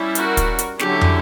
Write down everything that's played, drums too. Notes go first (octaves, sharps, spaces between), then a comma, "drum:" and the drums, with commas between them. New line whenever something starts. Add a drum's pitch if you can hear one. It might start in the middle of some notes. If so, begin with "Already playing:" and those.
Already playing: G3 C#4 E4
F#4 A#4, drum: hi-hat
drum: kick, hi-hat
drum: hi-hat
D3 F#3 C#4 E4 G4, drum: snare
drum: tom